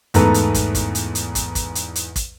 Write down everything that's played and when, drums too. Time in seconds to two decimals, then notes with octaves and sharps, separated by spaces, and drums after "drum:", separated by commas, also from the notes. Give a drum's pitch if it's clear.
0.14 E2 G#2 A3 A4 B4 A#5, drum: hi-hat
0.34 drum: hi-hat
0.54 drum: kick, hi-hat
0.75 drum: kick, hi-hat
0.95 drum: hi-hat
1.15 drum: hi-hat
1.35 drum: kick, hi-hat
1.55 drum: kick, hi-hat
1.75 drum: hi-hat
1.95 drum: hi-hat
2.16 drum: kick, hi-hat